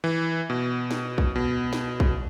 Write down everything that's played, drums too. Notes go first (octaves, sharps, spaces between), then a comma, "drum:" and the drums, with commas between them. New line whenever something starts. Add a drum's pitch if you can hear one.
E3
B2
drum: snare
drum: kick A#1
B2
drum: snare
drum: kick A#1